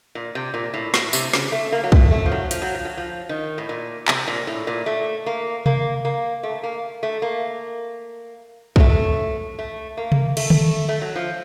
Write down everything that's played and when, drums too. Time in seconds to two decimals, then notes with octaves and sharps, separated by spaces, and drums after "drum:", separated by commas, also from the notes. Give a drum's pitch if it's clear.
0.15 A#2
0.35 C3
0.54 A#2
0.74 A2
0.94 A2, drum: snare
1.13 C3, drum: tambourine
1.33 C#3, drum: snare
1.52 A3
1.72 A#3
1.84 F#3
1.92 A3, drum: kick
2.11 A3
2.26 F3
2.31 F#3
2.51 F3, drum: hi-hat
2.62 F#3
2.74 F3
2.85 F#3
2.97 F3
3.29 D#3
3.58 A2
3.69 A#2
4.08 C3, drum: clap
4.28 A#2
4.47 A2
4.67 A#2
4.86 A3
5.26 A#3
5.66 A#3, drum: tom C3
6.05 A#3
6.43 A3
6.63 A#3
7.03 A3
7.22 A#3
8.76 F#3, drum: kick
8.80 A3
9.59 A3
9.97 A#3
10.12 drum: tom C3
10.37 A3, drum: cymbal
10.50 drum: tom D3
10.89 A3
11.01 F#3
11.16 F3